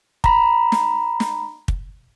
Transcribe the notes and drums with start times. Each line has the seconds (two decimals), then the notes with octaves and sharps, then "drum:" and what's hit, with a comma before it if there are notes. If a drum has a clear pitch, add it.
0.24 A#5 B5, drum: kick
0.72 drum: snare
1.20 drum: snare
1.68 drum: kick